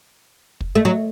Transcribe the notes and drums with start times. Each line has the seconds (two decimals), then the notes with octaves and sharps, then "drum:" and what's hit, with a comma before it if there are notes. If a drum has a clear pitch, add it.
0.61 drum: kick
0.75 A3
0.85 F#3